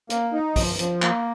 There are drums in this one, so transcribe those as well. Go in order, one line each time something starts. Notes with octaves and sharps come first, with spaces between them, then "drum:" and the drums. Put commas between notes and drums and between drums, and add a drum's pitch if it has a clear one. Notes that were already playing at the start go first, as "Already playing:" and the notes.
A#3, drum: hi-hat
D#4
F3, drum: kick, open hi-hat
F3, drum: hi-hat
A#3, drum: clap